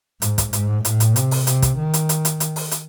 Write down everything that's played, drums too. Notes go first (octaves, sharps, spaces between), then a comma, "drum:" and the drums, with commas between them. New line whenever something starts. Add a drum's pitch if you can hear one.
G#2, drum: hi-hat
drum: kick, hi-hat
G#2, drum: hi-hat
A2, drum: hi-hat
drum: hi-hat
C3, drum: hi-hat
drum: open hi-hat
C3, drum: hi-hat
drum: kick, hi-hat
D#3
drum: hi-hat
drum: hi-hat
drum: hi-hat
drum: hi-hat
drum: open hi-hat
drum: hi-hat